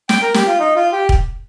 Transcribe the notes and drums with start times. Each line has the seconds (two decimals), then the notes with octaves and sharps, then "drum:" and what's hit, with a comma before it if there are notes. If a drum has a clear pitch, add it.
0.09 G5, drum: snare
0.22 A#4
0.34 G4, drum: snare
0.47 F4
0.59 D#4
0.76 F4
0.92 G4
1.09 drum: kick